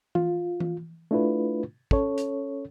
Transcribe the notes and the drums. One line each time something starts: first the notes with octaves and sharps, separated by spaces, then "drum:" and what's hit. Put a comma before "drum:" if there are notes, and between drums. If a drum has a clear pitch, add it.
F4, drum: tom E3
drum: tom E3
A3 D4 E4 F4 B4
C#4 A4 C#5, drum: kick
drum: hi-hat